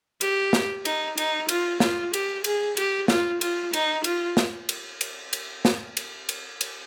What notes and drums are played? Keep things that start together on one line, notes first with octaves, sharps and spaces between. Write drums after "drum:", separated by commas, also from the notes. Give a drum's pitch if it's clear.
G4, drum: cymbal
drum: snare
D#4, drum: cymbal
D#4, drum: cymbal
F4, drum: cymbal
F4, drum: snare
G4, drum: cymbal
G#4, drum: cymbal
G4, drum: cymbal
F4, drum: snare
F4, drum: cymbal
D#4, drum: cymbal
F4, drum: cymbal
drum: snare
drum: cymbal
drum: cymbal
drum: cymbal
drum: snare
drum: cymbal
drum: cymbal
drum: cymbal